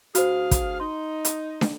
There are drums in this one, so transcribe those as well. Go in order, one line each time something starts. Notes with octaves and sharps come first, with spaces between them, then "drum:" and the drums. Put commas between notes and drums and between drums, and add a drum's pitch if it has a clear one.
D2 F#4 G#4 C5 F5, drum: hi-hat
drum: kick, hi-hat
D#4 C6
drum: hi-hat
drum: snare